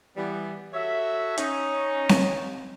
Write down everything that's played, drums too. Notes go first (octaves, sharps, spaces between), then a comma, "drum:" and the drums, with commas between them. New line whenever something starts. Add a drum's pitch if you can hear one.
E3 G3 B3
F#4 A4 C#5 E5
C#4 D#4, drum: hi-hat
drum: snare C4